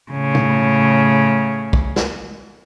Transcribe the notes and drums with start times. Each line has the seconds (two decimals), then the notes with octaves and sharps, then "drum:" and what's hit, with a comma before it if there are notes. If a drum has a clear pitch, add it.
0.12 A2 C#3
0.35 drum: tom
1.73 drum: kick
1.96 drum: snare